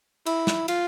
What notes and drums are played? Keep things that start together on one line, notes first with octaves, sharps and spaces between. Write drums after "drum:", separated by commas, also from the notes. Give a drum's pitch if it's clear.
E4, drum: cymbal
drum: snare
F4, drum: cymbal